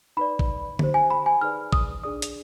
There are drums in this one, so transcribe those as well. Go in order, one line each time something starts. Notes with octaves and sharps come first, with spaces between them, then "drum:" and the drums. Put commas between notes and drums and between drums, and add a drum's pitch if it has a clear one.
D#4 B4 D5 B5
drum: kick A1
D#4 G4 C5, drum: tom D3
G#5
B5
G#5
D#4 G#4 B4 D5 F6
D#6, drum: kick A1
D4 G#4 D5 D#6
drum: hi-hat